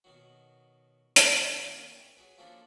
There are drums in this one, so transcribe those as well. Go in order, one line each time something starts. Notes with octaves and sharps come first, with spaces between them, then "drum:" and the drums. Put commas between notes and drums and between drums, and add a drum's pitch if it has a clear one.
B2 D#3 F#3
E3, drum: hi-hat
D#3 F#3 A#3 C#4 E4
G5 C#6
F#3 G#4 B4
F3 F#3 A#3 C#4 D4 A4